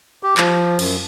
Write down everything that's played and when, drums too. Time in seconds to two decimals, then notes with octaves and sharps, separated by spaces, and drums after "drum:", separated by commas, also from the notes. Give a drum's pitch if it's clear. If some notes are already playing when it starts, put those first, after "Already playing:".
0.23 G4
0.37 F3, drum: clap
0.79 F#2, drum: cymbal